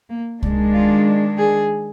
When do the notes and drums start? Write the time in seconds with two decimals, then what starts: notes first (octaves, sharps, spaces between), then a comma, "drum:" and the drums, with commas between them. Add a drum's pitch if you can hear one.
0.10 A#3
0.42 D#3 G#3 D4, drum: kick C2
0.74 F4
1.38 G#4